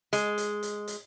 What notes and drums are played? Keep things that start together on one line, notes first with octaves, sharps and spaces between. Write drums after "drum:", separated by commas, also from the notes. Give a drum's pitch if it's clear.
G#3, drum: hi-hat
drum: hi-hat
drum: hi-hat
drum: hi-hat